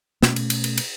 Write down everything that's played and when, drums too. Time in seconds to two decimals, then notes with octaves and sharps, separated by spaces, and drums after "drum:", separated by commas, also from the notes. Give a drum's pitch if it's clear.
0.23 B2 A3 C#4, drum: snare
0.36 drum: cymbal
0.50 drum: cymbal
0.64 drum: cymbal
0.78 drum: cymbal